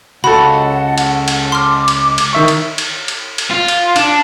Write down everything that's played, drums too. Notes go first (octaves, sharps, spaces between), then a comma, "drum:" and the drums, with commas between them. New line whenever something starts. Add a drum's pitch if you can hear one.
C#2 F#4 A4 F#5 B5
drum: cymbal
drum: cymbal
C6 D6 F6
drum: cymbal
drum: cymbal
D#3 E5 C#6
drum: cymbal
drum: cymbal
drum: cymbal
drum: cymbal
F4
drum: cymbal
D4, drum: cymbal